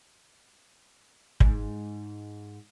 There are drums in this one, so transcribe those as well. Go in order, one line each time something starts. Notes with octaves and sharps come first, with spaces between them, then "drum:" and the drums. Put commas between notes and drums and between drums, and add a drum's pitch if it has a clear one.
G#2, drum: kick